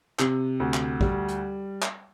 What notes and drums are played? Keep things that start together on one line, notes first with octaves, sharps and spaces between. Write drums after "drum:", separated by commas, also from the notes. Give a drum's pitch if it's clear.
C3, drum: clap
D2
drum: clap
G3, drum: kick
drum: hi-hat
drum: clap